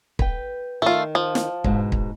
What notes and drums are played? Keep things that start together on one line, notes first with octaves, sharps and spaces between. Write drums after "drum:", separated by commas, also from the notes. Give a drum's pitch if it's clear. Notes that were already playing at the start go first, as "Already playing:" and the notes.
B4 G5, drum: kick
D#3 A3 F4
F3
drum: snare
G#2 B2, drum: kick
drum: kick